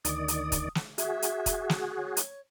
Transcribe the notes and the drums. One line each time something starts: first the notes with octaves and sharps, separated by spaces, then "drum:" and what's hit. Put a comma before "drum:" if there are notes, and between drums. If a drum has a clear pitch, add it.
D2 D#3 D5 D#6, drum: hi-hat
drum: hi-hat
drum: kick E1, hi-hat
drum: snare
F#4 G#4 E5, drum: hi-hat
drum: hi-hat
drum: kick E1, hi-hat
drum: snare
C#5
drum: hi-hat